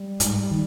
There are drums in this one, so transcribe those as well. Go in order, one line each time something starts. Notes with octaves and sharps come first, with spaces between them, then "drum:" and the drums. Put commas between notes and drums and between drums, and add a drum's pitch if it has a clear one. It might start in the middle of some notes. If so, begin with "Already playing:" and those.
Already playing: G3
G#2, drum: hi-hat
D#3